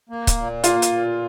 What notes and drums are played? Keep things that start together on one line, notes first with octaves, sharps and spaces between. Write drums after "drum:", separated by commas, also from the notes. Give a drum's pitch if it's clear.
A#3
drum: kick C#1, hi-hat
A#2
A#3 F4, drum: hi-hat
drum: hi-hat
A#2